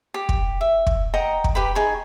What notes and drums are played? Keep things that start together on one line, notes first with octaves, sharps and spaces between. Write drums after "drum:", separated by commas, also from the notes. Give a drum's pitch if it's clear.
G4
drum: kick
E5
drum: kick
D#5 F#5 G5 A#5
drum: kick
G4 B4 G5 B5
D#4 G#4 C#6